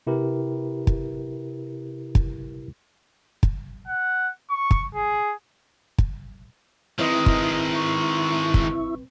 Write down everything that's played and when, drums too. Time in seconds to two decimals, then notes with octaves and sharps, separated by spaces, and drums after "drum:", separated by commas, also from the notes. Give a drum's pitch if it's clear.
0.07 C3 E4 G4 A#4 B4
0.87 drum: kick
2.15 drum: kick
3.43 drum: kick
3.88 F#5
4.50 C#6
4.71 drum: kick
4.95 G#4
5.98 drum: kick
6.99 D#3 G#3 C4 E4 B4 D5 D#5
7.26 drum: kick
7.74 C#6
8.54 drum: kick